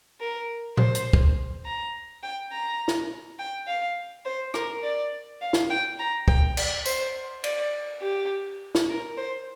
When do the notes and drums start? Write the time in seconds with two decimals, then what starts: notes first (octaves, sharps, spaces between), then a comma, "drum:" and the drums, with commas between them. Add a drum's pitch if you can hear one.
0.20 A#4
0.77 C5, drum: tom A#2
0.95 drum: hi-hat
1.13 drum: kick
1.65 A#5
2.23 G5
2.52 A#5
2.88 drum: snare
3.39 G5
3.67 F5
4.25 C5
4.54 A#4, drum: rim click
4.83 D5
5.41 F5
5.53 drum: snare
5.70 G5
5.99 A#5
6.28 G5, drum: kick
6.57 D5, drum: cymbal
6.86 C5, drum: tambourine
7.44 D5, drum: cymbal
8.02 G4
8.75 drum: snare
8.89 A#4
9.17 C5